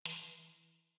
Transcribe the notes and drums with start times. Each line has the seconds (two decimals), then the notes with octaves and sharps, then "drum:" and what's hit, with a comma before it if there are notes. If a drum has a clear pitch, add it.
0.06 E3, drum: hi-hat